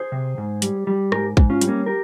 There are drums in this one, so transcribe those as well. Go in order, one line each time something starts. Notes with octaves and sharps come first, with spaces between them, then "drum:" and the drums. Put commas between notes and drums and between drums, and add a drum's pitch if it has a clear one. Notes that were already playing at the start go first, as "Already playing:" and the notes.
Already playing: G#4 C5
C3
G#2
G3, drum: hi-hat
G3
G#2 G4 A#4, drum: rim click
G#2, drum: kick
C#4 F4
G3, drum: hi-hat
A#3 C#4
G4 A#4